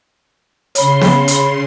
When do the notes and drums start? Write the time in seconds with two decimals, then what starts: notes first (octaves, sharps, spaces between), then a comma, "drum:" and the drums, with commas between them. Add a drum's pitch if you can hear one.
0.75 C#3 C#5 B5 C6, drum: hi-hat
1.01 drum: snare
1.28 drum: hi-hat